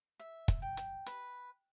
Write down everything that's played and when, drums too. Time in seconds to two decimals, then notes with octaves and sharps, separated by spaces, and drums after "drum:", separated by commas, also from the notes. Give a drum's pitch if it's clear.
0.20 E5
0.48 drum: kick, hi-hat
0.62 G5
0.77 drum: hi-hat
1.06 B4, drum: hi-hat